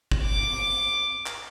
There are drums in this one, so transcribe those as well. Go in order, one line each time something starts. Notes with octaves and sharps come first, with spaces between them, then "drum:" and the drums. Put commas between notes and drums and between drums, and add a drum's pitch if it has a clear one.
drum: kick
D6
drum: clap